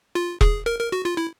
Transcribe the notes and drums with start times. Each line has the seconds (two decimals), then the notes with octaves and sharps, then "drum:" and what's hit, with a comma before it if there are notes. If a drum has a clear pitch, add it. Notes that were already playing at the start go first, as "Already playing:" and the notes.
0.15 F4
0.41 G#4, drum: kick E1
0.66 A#4
0.79 A#4
0.92 F#4
1.05 F4
1.17 E4